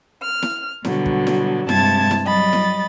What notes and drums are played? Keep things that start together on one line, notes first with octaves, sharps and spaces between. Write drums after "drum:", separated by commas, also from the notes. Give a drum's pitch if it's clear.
F6
drum: snare E4
B2 D3 F#3 G3, drum: snare E4
drum: kick
drum: snare E4
G2 C3 G#3 A5 G#6 A6, drum: snare E4
drum: snare E4
F#3 G3 D#5 B5 A6
drum: snare E4